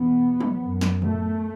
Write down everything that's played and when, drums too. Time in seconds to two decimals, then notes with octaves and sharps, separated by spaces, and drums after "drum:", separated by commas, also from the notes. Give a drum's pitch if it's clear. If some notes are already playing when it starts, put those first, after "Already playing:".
Already playing: E2 B2 B3
0.40 drum: tom
0.60 F#2
0.81 drum: snare
1.02 A3, drum: tom